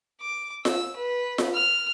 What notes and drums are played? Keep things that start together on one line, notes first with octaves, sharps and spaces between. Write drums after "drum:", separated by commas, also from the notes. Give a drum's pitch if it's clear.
D6
E6, drum: snare F4
B4
drum: snare F4
F6